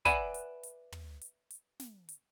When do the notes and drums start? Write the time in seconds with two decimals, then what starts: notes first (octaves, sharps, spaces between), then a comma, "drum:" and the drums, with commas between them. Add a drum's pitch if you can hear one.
0.05 B4 D5 E5 F#5 G#5 B5, drum: kick, hi-hat
0.34 drum: hi-hat
0.63 drum: hi-hat
0.92 drum: tom
1.21 drum: hi-hat
1.50 drum: hi-hat
1.80 drum: snare
2.09 drum: hi-hat